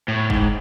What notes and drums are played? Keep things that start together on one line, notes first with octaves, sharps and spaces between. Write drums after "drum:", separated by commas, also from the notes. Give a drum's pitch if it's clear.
A2
G#2, drum: kick